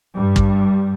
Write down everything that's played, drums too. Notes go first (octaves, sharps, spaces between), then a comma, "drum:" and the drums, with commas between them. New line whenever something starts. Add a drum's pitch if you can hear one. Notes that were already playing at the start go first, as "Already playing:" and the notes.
G2 G3
drum: kick